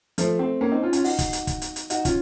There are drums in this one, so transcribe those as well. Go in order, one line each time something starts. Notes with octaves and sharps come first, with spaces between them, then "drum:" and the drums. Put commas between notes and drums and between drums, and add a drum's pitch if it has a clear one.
F3 A3, drum: hi-hat
A3 C4
A#3 C#4
C4 D#4
C#4 F4
C#4 F4, drum: hi-hat
D#4 F#4, drum: open hi-hat
drum: kick, hi-hat
drum: hi-hat
drum: kick, hi-hat
drum: hi-hat
drum: hi-hat
D#4 F#4, drum: hi-hat
C#4 F4, drum: kick, hi-hat